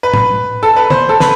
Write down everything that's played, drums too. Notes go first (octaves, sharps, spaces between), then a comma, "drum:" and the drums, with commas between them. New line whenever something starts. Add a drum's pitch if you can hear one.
B4
drum: tom
A4
B4
C5, drum: tom
A4
B4, drum: snare